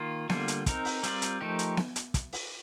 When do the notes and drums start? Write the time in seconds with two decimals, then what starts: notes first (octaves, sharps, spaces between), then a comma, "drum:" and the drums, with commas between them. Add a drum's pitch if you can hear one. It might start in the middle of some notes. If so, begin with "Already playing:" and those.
Already playing: D#3 A#3 F4
0.30 D3 G3 A#3 F4, drum: snare B3
0.48 drum: hi-hat
0.66 C4 D#4 A#4, drum: kick, hi-hat
0.85 drum: open hi-hat
1.03 G3 C4 F4 A#4 D5, drum: hi-hat
1.22 drum: hi-hat
1.41 F3 A3 D#4 G4 A#4
1.59 drum: hi-hat
1.77 drum: snare B3
1.96 drum: hi-hat
2.14 drum: kick, hi-hat
2.33 drum: open hi-hat